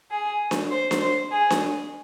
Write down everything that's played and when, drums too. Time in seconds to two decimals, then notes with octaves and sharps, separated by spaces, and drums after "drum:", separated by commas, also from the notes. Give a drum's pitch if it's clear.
0.11 G#4
0.51 drum: snare D4
0.71 C5
0.91 drum: snare D4
1.01 C5
1.31 G#4
1.50 drum: snare D4